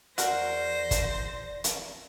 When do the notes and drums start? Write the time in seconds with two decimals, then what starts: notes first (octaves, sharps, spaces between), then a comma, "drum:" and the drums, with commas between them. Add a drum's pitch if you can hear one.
0.18 E2 F#4 A#4 C5 D5 A#6, drum: hi-hat
0.91 drum: kick, hi-hat
1.64 drum: hi-hat